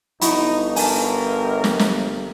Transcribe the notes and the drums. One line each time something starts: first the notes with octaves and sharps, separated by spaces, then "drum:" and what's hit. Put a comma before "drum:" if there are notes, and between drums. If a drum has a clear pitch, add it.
G1 D#4 E4 F#4 B5, drum: hi-hat
A#4 G#5 A5, drum: open hi-hat
drum: snare
drum: snare